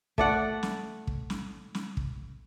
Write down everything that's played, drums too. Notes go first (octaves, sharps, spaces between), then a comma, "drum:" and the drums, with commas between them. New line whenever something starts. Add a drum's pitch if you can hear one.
A3 D5 F#5, drum: kick
drum: snare
drum: kick
drum: snare
drum: snare
drum: kick